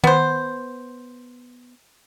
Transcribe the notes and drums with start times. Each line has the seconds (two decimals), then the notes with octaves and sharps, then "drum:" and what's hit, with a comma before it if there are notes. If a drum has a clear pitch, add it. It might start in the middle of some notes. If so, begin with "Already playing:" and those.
0.04 B3 C5, drum: tom D#3